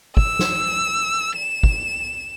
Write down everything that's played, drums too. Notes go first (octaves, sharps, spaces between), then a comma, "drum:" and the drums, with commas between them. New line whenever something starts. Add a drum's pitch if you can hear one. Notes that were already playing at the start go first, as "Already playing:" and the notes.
E6, drum: kick
drum: snare
E7
drum: kick